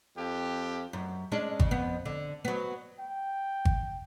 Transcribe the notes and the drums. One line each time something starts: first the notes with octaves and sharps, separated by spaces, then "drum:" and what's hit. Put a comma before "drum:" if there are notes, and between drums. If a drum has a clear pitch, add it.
F2 G4
F#2
G#3 C#4 D4
C#3, drum: kick G#1
F2 B3
D3
F#3 B3
G5
drum: kick G#1